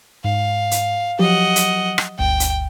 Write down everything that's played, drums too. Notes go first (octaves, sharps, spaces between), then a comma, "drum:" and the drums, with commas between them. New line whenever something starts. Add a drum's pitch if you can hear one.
G#2 F5
drum: hi-hat
F3 F#3 G4 D#5 F#5
drum: hi-hat
drum: rim click
G1 D2 G5
drum: hi-hat